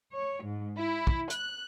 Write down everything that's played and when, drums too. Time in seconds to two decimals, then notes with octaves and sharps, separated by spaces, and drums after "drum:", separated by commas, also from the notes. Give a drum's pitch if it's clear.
0.13 C#5
0.44 G#2
0.77 E4
1.07 drum: kick
1.30 F#6, drum: hi-hat